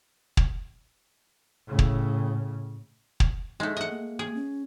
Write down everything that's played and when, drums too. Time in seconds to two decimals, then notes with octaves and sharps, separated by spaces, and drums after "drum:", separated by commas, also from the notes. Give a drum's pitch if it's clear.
0.37 drum: kick
1.67 A2 C#3
1.79 drum: kick
3.20 drum: kick
3.60 G#3 A3 D#4
3.77 D#5 E5 F#5
3.91 A#3
4.19 G#4
4.36 C#4